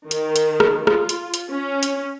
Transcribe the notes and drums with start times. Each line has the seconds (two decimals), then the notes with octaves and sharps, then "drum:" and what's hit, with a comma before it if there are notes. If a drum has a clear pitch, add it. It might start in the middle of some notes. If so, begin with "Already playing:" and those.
0.11 D#3, drum: hi-hat
0.36 drum: hi-hat
0.60 drum: rim click
0.87 F4, drum: rim click
1.09 drum: hi-hat
1.34 drum: hi-hat
1.52 C#4
1.83 drum: hi-hat